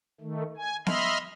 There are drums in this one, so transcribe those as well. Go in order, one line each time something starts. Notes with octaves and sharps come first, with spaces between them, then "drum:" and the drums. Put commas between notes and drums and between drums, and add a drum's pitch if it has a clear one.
D#3 A3
G#5
D#5 E5 B5 C6 F6, drum: snare B3